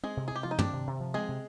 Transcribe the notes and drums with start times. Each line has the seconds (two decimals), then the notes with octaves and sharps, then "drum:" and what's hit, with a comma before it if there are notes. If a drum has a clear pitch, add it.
0.03 G#3 C4 G#4
0.17 C3
0.28 G#4
0.31 C3 G4
0.43 F3 F4
0.51 D#4
0.59 C4 D4, drum: tom
0.73 C3
0.87 C3
1.00 F3
1.14 G#3 C4 G#4
1.29 C3